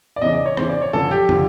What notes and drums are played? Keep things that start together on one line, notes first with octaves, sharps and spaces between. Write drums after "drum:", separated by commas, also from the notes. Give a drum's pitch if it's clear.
D5
E2 C#3 E3 D#5
D5
C#5
E2 C#3 E3 C5, drum: rim click
D5
C#5
F#2 D3 F3 A4
G4
D3 F3, drum: tom